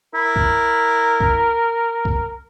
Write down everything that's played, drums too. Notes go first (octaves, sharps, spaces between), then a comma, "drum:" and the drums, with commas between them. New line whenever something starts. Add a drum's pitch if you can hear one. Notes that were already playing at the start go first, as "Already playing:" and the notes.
E4 A#4
drum: kick C2
drum: kick C2
drum: kick C2